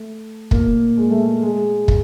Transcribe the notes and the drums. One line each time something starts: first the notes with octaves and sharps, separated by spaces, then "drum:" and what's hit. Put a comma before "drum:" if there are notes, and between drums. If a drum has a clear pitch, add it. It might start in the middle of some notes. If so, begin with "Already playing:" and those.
Already playing: A3
A#2 A#3, drum: kick
G#3
A3
G#3
G#3
drum: kick